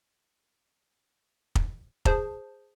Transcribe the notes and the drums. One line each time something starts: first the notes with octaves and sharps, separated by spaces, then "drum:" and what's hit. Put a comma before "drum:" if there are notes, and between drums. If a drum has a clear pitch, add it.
drum: kick
G#4 C5 A5, drum: kick